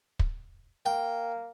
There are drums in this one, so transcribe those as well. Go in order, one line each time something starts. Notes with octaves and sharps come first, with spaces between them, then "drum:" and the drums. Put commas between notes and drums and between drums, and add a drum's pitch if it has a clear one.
drum: kick
A#3 G5